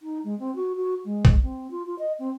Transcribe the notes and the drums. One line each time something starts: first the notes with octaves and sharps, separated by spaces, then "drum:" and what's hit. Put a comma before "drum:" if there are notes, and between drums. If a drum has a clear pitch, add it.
D#4
G#3
C4
F#4
F#4
G#3
drum: kick A#1
C4
F4
F4
D#5
C4